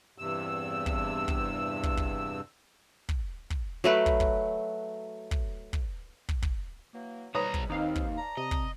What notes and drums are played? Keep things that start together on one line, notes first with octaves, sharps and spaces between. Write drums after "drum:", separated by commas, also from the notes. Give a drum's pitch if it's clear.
E2 G2 C3 E6
drum: kick
drum: kick
drum: kick
drum: kick
drum: kick
drum: kick
F#3 A3 B4
drum: kick
drum: kick
drum: kick
drum: kick
drum: kick
drum: kick
E3 F#3 A#3
B1 G#2 G3 B4 C#5 A#5 D#6
drum: kick
D#2 C4 D#4 F5
drum: kick
D5 A5 A#5
C3 D#5
drum: kick